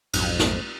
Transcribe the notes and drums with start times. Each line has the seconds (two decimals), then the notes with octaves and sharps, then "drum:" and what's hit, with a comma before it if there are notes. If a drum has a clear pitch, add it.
0.13 A#1 F2 G#2 F#3, drum: cymbal
0.39 drum: snare